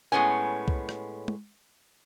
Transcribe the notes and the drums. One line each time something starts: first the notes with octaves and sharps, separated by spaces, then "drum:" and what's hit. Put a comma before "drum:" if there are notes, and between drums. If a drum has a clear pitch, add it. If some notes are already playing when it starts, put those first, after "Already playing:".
A2 G#3 B3 C#4 G#5
drum: kick C2
drum: rim click
drum: tom